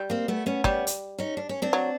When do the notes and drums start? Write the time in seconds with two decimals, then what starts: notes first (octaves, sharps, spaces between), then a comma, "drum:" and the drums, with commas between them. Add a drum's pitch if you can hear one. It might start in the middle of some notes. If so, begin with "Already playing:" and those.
Already playing: G3
0.10 A#3 C4
0.28 A3 B3
0.46 B3 C#4
0.64 G3 B3 C#4, drum: kick
0.87 drum: hi-hat
1.19 C#4 D#4
1.37 D4
1.49 C#4
1.62 C4 D4
1.73 F#3